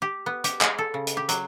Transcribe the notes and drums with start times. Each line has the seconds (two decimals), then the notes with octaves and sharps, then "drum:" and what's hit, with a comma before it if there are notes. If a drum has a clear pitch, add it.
0.02 G4
0.26 B3
0.44 G4, drum: hi-hat
0.61 G#4, drum: clap
0.78 A4
0.94 C#3
1.07 drum: hi-hat
1.17 G4
1.29 F#3, drum: hi-hat